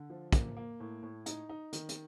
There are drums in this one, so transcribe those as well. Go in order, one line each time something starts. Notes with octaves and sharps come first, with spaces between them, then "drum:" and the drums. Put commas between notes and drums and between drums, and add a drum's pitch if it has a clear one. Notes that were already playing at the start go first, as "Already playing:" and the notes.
Already playing: D3
F3
A#3, drum: kick, hi-hat
A#3
A2
A2
D#4, drum: hi-hat
D#4
D#3, drum: hi-hat
drum: hi-hat